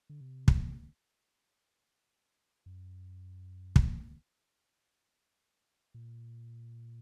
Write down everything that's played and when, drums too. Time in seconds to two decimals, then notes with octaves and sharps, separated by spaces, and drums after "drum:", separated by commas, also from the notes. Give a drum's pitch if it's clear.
0.09 D3
0.21 C3
0.48 drum: kick
2.66 F#2
3.76 drum: kick
5.94 A#2